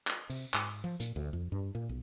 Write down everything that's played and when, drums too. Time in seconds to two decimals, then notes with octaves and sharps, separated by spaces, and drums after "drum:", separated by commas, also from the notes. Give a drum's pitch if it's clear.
0.07 drum: clap
0.30 C3, drum: open hi-hat
0.54 G#2, drum: clap
0.84 F3
1.00 A#2, drum: hi-hat
1.16 D2
1.33 F2
1.52 G2
1.75 A#2
1.89 B1